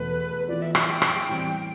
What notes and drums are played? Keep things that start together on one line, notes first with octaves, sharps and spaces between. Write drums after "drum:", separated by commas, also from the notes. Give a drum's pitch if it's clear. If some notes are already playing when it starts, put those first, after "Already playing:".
Already playing: E2 B2 A3 B4
E3 B3 F4 D5
E5
E5, drum: rim click
G5
drum: rim click
A2 E3 G3 C4